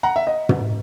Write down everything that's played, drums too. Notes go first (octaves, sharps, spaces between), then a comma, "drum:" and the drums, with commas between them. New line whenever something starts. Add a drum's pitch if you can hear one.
F#5 A#5
E5
D#5
drum: tom